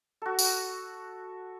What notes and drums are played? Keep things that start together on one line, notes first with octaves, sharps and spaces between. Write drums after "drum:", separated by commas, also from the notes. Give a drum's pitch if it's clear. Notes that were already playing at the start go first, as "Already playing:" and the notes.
F#4 A4
drum: tambourine